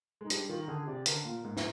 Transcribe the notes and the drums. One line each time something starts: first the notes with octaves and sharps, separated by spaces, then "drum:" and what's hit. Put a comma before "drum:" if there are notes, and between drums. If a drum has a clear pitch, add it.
G#3 D#4
G3 D4, drum: hi-hat
D#3 F4
A#4
D3 G#4
C3 D5
D3 A#4, drum: hi-hat
A#2
G#2
drum: snare